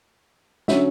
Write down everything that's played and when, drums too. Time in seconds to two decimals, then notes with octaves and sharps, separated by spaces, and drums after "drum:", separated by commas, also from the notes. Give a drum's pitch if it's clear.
0.68 D3 F#3 C#4 E5, drum: snare